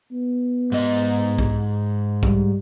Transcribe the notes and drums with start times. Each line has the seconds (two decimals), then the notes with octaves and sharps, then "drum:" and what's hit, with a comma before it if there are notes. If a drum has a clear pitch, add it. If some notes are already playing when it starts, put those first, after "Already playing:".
0.12 B3
0.72 G#2 D#5, drum: open hi-hat
1.39 drum: kick
2.23 G3, drum: kick